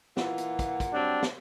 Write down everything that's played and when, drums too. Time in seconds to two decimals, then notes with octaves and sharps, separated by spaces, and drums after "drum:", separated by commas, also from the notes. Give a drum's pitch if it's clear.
0.17 A#2 E3 F4 F#5, drum: snare
0.38 drum: hi-hat
0.59 drum: kick, hi-hat
0.80 drum: kick, hi-hat
0.93 F#3 G3 C4 D4
1.22 drum: snare